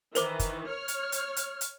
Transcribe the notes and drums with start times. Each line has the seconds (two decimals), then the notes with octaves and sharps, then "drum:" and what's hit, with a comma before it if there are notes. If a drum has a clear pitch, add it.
0.15 D#3 E3 A#4 C5 D6, drum: hi-hat
0.39 drum: kick, hi-hat
0.69 C#5 F6
0.88 drum: hi-hat
1.12 drum: hi-hat
1.36 drum: hi-hat
1.61 drum: hi-hat